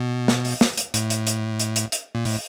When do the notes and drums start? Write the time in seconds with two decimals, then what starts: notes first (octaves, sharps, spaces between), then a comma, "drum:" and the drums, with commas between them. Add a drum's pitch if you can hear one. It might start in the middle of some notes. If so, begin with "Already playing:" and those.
Already playing: B2
0.28 drum: snare
0.45 drum: open hi-hat
0.61 drum: snare
0.77 drum: hi-hat
0.94 A2, drum: hi-hat
1.10 drum: hi-hat
1.27 drum: hi-hat
1.59 drum: hi-hat
1.76 drum: hi-hat
1.92 drum: hi-hat
2.15 A#2
2.25 A2, drum: open hi-hat